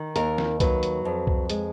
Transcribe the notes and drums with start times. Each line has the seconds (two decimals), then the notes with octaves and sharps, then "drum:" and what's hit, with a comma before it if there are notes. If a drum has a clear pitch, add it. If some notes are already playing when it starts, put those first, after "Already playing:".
Already playing: D#3
0.16 D#2 A#4, drum: hi-hat
0.38 drum: snare
0.60 F#3 B4, drum: kick C2, hi-hat
0.83 drum: hi-hat
1.05 F2
1.27 drum: kick C2
1.50 G#3, drum: hi-hat